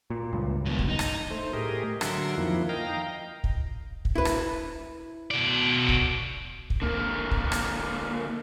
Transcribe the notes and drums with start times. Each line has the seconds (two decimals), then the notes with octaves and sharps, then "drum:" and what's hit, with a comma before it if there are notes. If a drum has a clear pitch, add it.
0.10 A#2
0.33 C#2 G2
0.66 D#2 B2
0.79 drum: kick
0.89 D#4
0.99 drum: rim click
1.30 A3 C5
1.53 A2 A3 G4 G#4 A#4 D#5
2.01 D3 F#3 A#4 E5 F#5 C6, drum: rim click
2.38 F2 D#3 F3 A#3 E4
2.69 D#5 F5 G5 A#5
3.44 drum: kick
4.05 drum: kick
4.15 E4 B4
4.25 drum: rim click
5.31 B2 D5
5.88 drum: kick
6.70 drum: kick
6.82 D3 A#3
7.31 drum: kick
7.52 drum: rim click